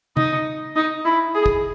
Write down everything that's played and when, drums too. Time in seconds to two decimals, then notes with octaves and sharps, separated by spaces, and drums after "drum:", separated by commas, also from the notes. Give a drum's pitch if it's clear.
0.17 D#4, drum: tom
0.76 D#4
1.05 E4
1.35 G#4
1.46 drum: kick